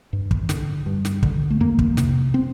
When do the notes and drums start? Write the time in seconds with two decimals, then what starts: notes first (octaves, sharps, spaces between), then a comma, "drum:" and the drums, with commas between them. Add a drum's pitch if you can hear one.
0.13 G2
0.31 drum: kick
0.49 D3, drum: snare
0.86 G2
1.05 drum: snare
1.23 D3, drum: kick
1.50 A3
1.60 F2 A#3
1.79 drum: kick
1.97 C3, drum: snare
2.34 C4